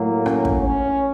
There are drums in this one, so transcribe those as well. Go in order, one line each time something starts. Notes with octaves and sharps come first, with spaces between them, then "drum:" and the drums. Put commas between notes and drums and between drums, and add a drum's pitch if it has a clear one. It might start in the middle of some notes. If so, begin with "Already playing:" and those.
Already playing: A2 F#3 A#3
C#4, drum: rim click
drum: kick
C#4